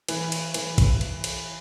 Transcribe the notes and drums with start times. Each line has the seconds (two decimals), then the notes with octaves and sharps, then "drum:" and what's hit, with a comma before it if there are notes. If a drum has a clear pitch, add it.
0.08 E3, drum: cymbal
0.32 drum: cymbal
0.54 E3, drum: cymbal
0.78 drum: kick, cymbal
1.01 drum: cymbal
1.24 drum: cymbal